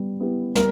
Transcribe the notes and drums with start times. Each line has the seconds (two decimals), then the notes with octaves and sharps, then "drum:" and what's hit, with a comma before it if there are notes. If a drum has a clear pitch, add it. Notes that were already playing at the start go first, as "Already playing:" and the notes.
Already playing: G3 B3
0.20 B3 E4 G4
0.55 G3 A#4, drum: snare